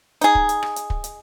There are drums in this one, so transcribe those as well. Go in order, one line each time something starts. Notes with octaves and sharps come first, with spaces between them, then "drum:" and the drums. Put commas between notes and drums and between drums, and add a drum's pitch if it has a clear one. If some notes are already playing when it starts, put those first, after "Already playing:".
D#4 G#4, drum: hi-hat
drum: kick
drum: hi-hat
drum: rim click
drum: hi-hat
drum: kick
drum: hi-hat